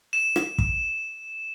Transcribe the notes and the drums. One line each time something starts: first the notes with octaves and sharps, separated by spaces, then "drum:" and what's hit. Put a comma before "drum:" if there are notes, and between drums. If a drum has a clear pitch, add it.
E7
drum: rim click
drum: kick